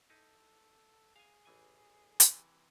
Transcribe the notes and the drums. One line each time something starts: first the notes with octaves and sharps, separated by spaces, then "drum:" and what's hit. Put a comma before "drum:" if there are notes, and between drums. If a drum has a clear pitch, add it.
D#4 E4 A4
G#4 F5 G#5
A1 E3 G#5
C3 E3, drum: hi-hat